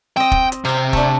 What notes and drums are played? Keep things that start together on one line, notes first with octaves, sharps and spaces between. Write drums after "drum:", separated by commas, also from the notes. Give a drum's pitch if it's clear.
C4 D#5 G5
drum: kick
drum: hi-hat
C3 F5 G5
A3 D4, drum: kick